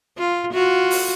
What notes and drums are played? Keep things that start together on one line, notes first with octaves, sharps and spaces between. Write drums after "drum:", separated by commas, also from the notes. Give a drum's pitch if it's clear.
F4
F4 F#4
drum: open hi-hat